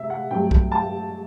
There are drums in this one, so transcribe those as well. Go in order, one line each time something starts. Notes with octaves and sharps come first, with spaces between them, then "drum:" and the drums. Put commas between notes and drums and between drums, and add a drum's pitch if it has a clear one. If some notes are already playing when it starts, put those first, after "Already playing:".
Already playing: C3 E5
F#5
G2 F#3 A3 C4 G5
drum: kick
A5